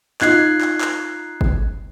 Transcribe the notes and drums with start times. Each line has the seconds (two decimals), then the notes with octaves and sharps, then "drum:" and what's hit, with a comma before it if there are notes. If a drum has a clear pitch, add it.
0.21 D#4 F4 F#6 G#6 C7, drum: clap
0.61 drum: clap
0.81 drum: clap
1.41 drum: kick G1